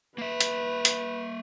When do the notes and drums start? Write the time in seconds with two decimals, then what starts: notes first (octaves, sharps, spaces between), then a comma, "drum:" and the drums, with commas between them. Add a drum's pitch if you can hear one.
0.18 A#3 B4 E5
0.40 drum: hi-hat
0.85 drum: hi-hat